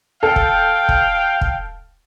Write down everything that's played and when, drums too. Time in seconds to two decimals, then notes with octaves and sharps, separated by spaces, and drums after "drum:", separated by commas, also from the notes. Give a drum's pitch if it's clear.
0.23 A4 F5 G5
0.36 drum: kick
0.89 drum: kick
1.41 drum: kick